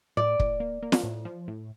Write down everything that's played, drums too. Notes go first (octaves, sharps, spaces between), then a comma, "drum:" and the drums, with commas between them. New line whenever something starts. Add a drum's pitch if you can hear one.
A2 D5
A2, drum: kick
A#3
A#3
drum: snare
A2
F3
A2